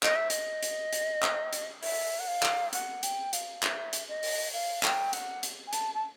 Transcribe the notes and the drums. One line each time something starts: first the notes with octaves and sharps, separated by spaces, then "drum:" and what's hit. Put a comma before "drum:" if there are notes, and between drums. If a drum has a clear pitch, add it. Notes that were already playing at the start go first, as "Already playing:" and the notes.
D#5, drum: clap
E5
D#5, drum: hi-hat
drum: hi-hat
drum: hi-hat
drum: clap
drum: hi-hat
E5, drum: open hi-hat
F#5
F5
drum: clap
F#5, drum: hi-hat
G5, drum: hi-hat
F5, drum: hi-hat
E5, drum: clap
drum: hi-hat
D#5
drum: open hi-hat
F5
G5, drum: clap
F#5, drum: hi-hat
drum: hi-hat
G#5
A5, drum: hi-hat
A5